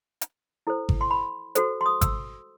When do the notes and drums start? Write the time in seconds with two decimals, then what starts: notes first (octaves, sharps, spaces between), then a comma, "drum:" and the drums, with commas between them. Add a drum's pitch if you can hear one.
0.21 drum: hi-hat
0.67 E4 A4 C5
0.89 drum: kick G#1
1.01 C6
1.11 B5
1.55 F#4 A4 C5, drum: hi-hat
1.81 C6
1.86 D#6
2.01 E6, drum: kick G#1, hi-hat